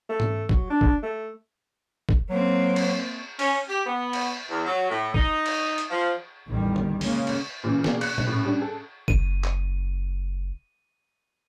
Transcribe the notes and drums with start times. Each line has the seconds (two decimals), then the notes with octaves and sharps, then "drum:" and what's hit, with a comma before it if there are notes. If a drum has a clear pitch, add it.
0.10 A3
0.20 drum: tom G#2
0.49 F#3, drum: kick
0.70 D4
0.81 drum: kick
1.03 A3
2.09 drum: kick
2.29 F#3 A#3 C4
2.76 drum: cymbal
3.39 C#4, drum: open hi-hat
3.69 G4
3.86 B3
4.13 drum: cymbal
4.49 E2
4.66 F#3
4.89 A2
5.14 D#4, drum: kick
5.46 drum: cymbal
5.78 drum: hi-hat
5.91 F3
6.47 A1 E2 D#3 G3
6.76 drum: tom D3
7.01 C#3 G#3 A#3 C#4, drum: open hi-hat
7.27 drum: cymbal
7.64 A#2 C#3 E3
7.84 B2 A#3 C#4 G#4 D5 F5, drum: snare
8.01 F#6 C#7, drum: cymbal
8.18 drum: tom A#2
8.27 A2 C#3
8.45 G3 C#4 D4
8.57 G#4 A4
9.08 F#1 D#7, drum: kick
9.44 drum: clap